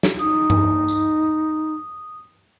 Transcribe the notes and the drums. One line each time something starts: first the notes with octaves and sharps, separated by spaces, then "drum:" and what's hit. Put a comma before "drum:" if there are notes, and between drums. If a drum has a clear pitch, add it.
drum: snare
D#4 D#6, drum: hi-hat
drum: tom G2
drum: tambourine